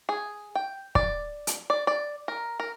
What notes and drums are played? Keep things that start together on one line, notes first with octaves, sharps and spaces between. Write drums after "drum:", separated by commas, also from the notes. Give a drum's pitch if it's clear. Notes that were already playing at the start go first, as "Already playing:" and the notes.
G#4
G5
D5, drum: kick
drum: hi-hat
D5
D5
A#4
A#4